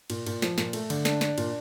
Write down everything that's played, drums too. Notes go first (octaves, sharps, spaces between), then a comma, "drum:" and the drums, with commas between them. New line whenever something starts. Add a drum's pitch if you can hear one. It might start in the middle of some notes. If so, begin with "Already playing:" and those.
A#2, drum: cymbal
A#2, drum: cymbal
F3, drum: snare
A#2, drum: snare
A3, drum: cymbal
D3, drum: cymbal
D4, drum: snare
D4, drum: snare
A#2, drum: cymbal